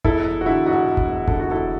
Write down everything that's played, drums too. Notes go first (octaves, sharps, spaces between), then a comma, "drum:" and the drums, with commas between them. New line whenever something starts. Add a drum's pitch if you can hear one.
E1 E4 A4, drum: kick F1
E1
F#4
D3 E4
E1 F#4
E1
drum: kick F1
E1
D3 A4, drum: kick F1
F#4
E1 E4 A4